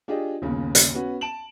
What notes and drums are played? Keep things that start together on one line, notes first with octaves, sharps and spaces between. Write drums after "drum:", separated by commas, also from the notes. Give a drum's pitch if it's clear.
D4 F4 G4 G#4 D#5
G1 D#2 C#3
drum: hi-hat
B3 C#4 F#4 B4
A5 D7 E7 F#7